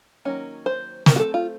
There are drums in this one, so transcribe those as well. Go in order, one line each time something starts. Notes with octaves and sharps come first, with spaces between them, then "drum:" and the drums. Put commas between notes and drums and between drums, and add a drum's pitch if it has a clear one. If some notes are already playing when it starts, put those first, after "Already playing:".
D#3 F#3 A#3 C#4
C5
F#3 A3 C4 A#4, drum: snare
F#4
A4
F4